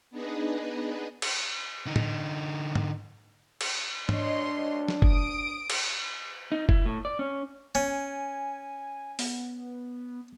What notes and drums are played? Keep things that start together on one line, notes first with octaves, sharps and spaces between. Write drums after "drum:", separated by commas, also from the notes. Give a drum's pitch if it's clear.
B3 D4 D#4 G#4 B4 D#5
drum: cymbal
D3 D#4
drum: tom A2
drum: tom G#2
drum: cymbal
D4 C#5 D#5 C6, drum: tom G#2
drum: snare
D#6 D7, drum: kick F#1
drum: cymbal
D#4
E4, drum: kick F#1
A2
D5
C#4
C#4 G#5
B3, drum: open hi-hat